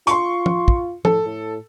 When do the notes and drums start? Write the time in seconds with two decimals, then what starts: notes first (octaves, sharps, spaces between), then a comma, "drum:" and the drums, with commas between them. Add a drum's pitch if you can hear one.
0.07 F4 C6 C#6, drum: hi-hat
0.46 drum: tom F3
0.68 drum: kick
1.05 A2 A4, drum: tom F3
1.26 A2